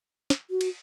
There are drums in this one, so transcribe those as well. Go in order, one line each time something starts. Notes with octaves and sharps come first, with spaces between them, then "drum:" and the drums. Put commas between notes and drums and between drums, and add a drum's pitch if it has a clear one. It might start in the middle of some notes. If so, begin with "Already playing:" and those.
drum: snare
F#4
drum: cymbal